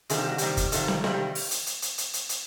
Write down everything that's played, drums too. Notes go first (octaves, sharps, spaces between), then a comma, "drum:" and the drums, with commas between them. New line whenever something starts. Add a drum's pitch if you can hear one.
C3 D#3 G3 A#3 G#4, drum: hi-hat
G4
F#4
C3 D#3 G3 A#3 G4, drum: hi-hat
drum: kick, hi-hat
C3 D#3 G3 A#3 A4, drum: hi-hat
drum: snare
C3 D#3 G3 A#3 G#4, drum: snare
G4
drum: open hi-hat
drum: hi-hat
drum: hi-hat
drum: hi-hat
drum: hi-hat
drum: hi-hat
drum: hi-hat